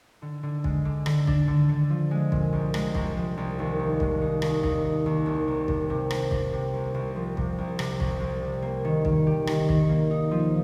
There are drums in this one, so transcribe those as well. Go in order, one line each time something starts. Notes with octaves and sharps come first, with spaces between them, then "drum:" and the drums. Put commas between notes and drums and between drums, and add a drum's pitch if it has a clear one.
D3
D3
G#3, drum: kick
D3
D3, drum: rim click
D4, drum: kick
D3
D3
F3
G#3
A#2, drum: kick
C2
G#3, drum: rim click
C2, drum: kick
F3
C2
D#2
D#3
G#3, drum: kick
D#4
D#2, drum: rim click
D#4, drum: kick
D#4
D#2
C2
C2
C3, drum: kick
C3
C2, drum: rim click
G3, drum: kick
C3
C2
C2
F3
C3, drum: kick
C2
C3, drum: rim click
C2, drum: kick
C2
C3
A#3
D#3
D#3, drum: kick
G4
D#3, drum: rim click
D#3, drum: kick
A#3
D#4
F3